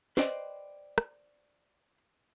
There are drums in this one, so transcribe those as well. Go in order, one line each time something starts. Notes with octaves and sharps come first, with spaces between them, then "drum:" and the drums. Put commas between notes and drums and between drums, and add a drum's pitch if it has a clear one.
B4 C5 D5 D#5 G5, drum: snare
drum: rim click